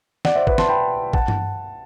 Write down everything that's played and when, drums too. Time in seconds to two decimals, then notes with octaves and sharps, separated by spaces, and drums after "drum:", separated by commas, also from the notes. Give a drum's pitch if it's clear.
0.25 D5 F#5, drum: snare
0.35 C5 E5
0.47 B4 D5, drum: kick
0.58 A5 C6, drum: snare
0.69 G5 B5
1.13 F#5 A5, drum: kick
1.28 drum: tom G2